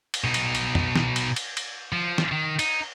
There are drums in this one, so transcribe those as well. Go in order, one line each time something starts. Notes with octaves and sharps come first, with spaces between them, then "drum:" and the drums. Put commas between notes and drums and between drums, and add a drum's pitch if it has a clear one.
drum: cymbal
B2 D#4
drum: cymbal
drum: cymbal
drum: tom
drum: snare
drum: cymbal
drum: cymbal
drum: cymbal
F3
drum: snare
D#3
D#4, drum: cymbal